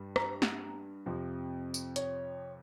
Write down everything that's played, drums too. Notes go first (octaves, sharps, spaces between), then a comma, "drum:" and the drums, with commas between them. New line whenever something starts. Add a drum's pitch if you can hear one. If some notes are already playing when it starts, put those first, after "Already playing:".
Already playing: G2 G3
A#5, drum: rim click
drum: snare
F2 C3 F3
drum: tambourine
C#5, drum: hi-hat